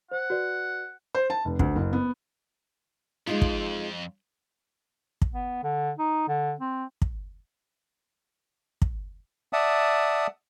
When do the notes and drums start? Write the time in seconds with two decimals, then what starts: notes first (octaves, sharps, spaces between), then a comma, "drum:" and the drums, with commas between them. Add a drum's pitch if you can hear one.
0.11 C5 F#5
0.30 F#4 B4 D5
1.15 C5
1.30 A5
1.45 F1
1.59 D2, drum: kick
1.75 F#1
1.93 B3
3.27 F2 G#3 D#4 F4
3.42 drum: kick
5.22 drum: kick
5.34 B3
5.63 D3
5.99 D#4
6.29 D3
6.60 C4
7.02 drum: kick
8.82 drum: kick
9.53 D5 E5 F#5 A5 D#6